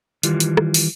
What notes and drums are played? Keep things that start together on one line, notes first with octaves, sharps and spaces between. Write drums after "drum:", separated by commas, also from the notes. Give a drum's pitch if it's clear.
D#3 E3 G3 F4, drum: hi-hat
drum: hi-hat
drum: rim click
drum: open hi-hat